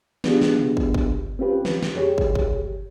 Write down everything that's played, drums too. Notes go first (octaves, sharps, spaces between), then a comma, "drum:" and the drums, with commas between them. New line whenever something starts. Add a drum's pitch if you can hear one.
B3 D4 F4 G4 G#4, drum: snare
drum: snare
drum: tom
drum: kick
drum: kick
C4 C#4 F4 G4 B4
drum: snare
drum: snare
F2 G4 G#4 C#5
drum: kick
drum: kick